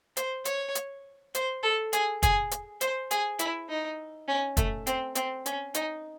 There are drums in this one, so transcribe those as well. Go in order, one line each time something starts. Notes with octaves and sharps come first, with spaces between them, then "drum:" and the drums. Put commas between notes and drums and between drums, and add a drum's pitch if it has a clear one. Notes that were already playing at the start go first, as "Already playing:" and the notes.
C5, drum: hi-hat
C#5, drum: hi-hat
drum: hi-hat
C5, drum: hi-hat
A4
G#4, drum: hi-hat
G#4, drum: kick, hi-hat
drum: hi-hat
C5, drum: hi-hat
G#4, drum: hi-hat
E4, drum: hi-hat
D#4
C#4
A3, drum: kick, hi-hat
C4, drum: hi-hat
C4, drum: hi-hat
C#4, drum: hi-hat
D#4, drum: hi-hat